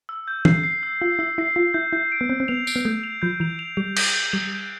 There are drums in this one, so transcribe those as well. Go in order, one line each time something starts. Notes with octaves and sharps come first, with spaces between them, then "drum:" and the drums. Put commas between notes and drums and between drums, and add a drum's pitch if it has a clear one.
E6
G6
C7, drum: tom
C7
E6
F4 E6
E4 E6
E4 C7
F4 C7
E4 G6
E4 G6
D7
B3
C4 G6
C4
B3 F7
D7, drum: tambourine
B3
A3 G6
F7
F3 G6
E3 F7
F7
G3 F7
G6, drum: cymbal
G6
G3 F7
G6